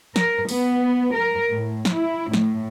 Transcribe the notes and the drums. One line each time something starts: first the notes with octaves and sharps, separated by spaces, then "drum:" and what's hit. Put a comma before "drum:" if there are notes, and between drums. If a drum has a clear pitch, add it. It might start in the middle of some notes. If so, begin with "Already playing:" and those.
A#4, drum: snare
B3, drum: open hi-hat
A#4
A2
drum: snare
E4
A2, drum: snare